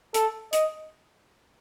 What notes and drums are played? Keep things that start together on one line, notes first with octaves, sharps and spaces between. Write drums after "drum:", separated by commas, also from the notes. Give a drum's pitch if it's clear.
A4, drum: hi-hat
D#5, drum: hi-hat